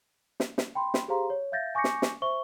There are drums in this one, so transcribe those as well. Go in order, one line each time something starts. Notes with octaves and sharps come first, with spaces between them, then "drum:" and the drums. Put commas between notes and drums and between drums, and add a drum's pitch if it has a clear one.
drum: snare
drum: snare
G5 B5 C6
drum: snare
G4 G#4 C5 F5 A#5 C6
C#5
E5 F5 G6 A6 A#6
G#5 C#6 D6 G6 A#6 C#7
drum: snare
drum: snare
C5 E5 C#6 G7